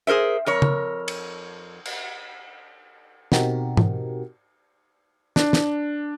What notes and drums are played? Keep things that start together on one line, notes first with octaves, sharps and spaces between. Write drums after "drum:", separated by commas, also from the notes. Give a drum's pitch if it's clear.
G#4 A#4 C5 E5
F2 A#4 C#5
drum: tom C#3
drum: cymbal
drum: cymbal
B2 C4 D#4 F#4 G4 A#4, drum: snare
drum: tom G#2
D4, drum: snare
drum: snare